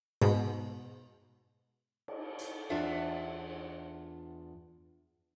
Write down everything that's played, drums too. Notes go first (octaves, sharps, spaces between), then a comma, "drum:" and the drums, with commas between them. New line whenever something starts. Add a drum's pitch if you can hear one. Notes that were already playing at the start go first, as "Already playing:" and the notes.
G#2 B2, drum: cymbal
drum: cymbal
drum: hi-hat
E2 D4 F4 E5 F#5